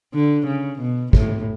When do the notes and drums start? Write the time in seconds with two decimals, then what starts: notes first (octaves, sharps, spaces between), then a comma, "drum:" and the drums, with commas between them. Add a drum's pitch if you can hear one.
0.14 D3
0.47 C#3
0.80 B2
1.13 A2, drum: kick